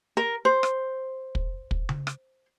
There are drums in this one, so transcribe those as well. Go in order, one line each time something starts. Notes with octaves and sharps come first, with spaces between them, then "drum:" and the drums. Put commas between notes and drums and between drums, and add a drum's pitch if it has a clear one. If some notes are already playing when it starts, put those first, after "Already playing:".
A#4
C5
drum: rim click
drum: kick
drum: kick
drum: tom C#3
drum: rim click